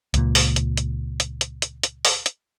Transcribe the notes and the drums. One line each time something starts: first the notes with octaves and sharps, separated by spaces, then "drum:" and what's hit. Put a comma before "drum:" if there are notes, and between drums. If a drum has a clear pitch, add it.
C#2 A#2, drum: hi-hat
drum: open hi-hat
drum: hi-hat
drum: hi-hat
drum: hi-hat
drum: hi-hat
drum: hi-hat
drum: hi-hat
drum: open hi-hat
drum: hi-hat